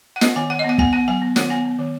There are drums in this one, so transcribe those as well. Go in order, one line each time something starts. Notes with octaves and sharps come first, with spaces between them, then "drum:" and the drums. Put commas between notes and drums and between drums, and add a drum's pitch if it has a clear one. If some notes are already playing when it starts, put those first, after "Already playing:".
F#5
B3 D#5, drum: snare
D#3 G#5
D#3 F#5
D#5
B3 F#5
B3 G#5, drum: kick
B3 F#5
F#3 G#5
B3
D#3 F#5, drum: snare
B3 G#5
B3
D#3